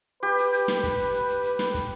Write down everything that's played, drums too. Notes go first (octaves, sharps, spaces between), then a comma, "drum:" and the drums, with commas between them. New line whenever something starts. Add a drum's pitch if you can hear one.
G4 B4
drum: hi-hat
drum: hi-hat
drum: snare
drum: kick, hi-hat
drum: hi-hat
drum: hi-hat
drum: hi-hat
drum: hi-hat
drum: snare
drum: kick, hi-hat